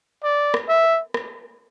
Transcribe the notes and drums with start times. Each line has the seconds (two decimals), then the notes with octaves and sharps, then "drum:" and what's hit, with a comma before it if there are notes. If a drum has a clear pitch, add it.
0.24 D5
0.54 drum: rim click
0.69 E5
1.14 drum: rim click